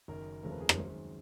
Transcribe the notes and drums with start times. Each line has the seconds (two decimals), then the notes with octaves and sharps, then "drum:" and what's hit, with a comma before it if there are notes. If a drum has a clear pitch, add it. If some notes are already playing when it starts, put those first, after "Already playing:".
0.08 F#1 F#2 D#3 A#4
0.43 F1 D#2 C#3 F3 A3 A#4
0.52 B4
0.60 G#4
0.69 C5, drum: rim click
0.78 F#2 D#3 G#3